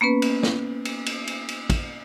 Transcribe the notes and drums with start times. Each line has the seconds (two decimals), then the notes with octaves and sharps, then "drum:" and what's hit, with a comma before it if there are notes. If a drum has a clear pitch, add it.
0.01 A#3 B3 C#4 B4
0.22 drum: cymbal
0.43 drum: snare
0.85 drum: cymbal
1.06 drum: cymbal
1.27 drum: cymbal
1.49 drum: cymbal
1.70 drum: kick, cymbal